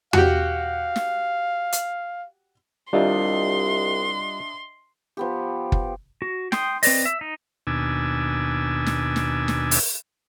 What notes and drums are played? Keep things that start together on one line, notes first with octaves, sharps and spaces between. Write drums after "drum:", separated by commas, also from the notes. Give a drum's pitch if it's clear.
F#4 G4 F5, drum: tom E2
drum: snare
drum: hi-hat
C2 G3 D4 F4 D#5 E5 C6
F3 B3 G4
drum: kick
F#4
G5 C6 D#6, drum: snare
C4 B4 D5 D#5, drum: open hi-hat
E5
D#4
D#2 B2 D4 G#5 E6
drum: snare
drum: snare
drum: snare
drum: open hi-hat